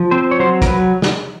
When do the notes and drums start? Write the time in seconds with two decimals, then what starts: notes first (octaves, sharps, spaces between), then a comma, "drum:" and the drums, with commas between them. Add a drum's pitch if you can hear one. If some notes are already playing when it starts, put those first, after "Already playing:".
Already playing: F3
0.11 C4 C5
0.31 C#5
0.39 F#3 C5
0.62 A#4, drum: kick, hi-hat
0.67 F#3 B4
1.02 drum: snare